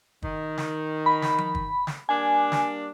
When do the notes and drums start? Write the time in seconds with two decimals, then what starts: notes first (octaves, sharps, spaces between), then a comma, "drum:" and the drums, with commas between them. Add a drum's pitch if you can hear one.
0.22 D#3, drum: kick
0.58 drum: snare
1.06 B5
1.22 drum: snare
1.38 drum: tom F3
1.55 drum: kick
1.87 drum: snare
2.09 G3 A#3 D4 G#5
2.52 drum: snare